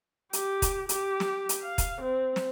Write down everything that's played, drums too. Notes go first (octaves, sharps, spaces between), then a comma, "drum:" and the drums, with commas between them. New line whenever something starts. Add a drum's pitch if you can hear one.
G4, drum: hi-hat
drum: kick, hi-hat
G4, drum: hi-hat
drum: snare
drum: hi-hat
F5
drum: kick, hi-hat
C4
drum: snare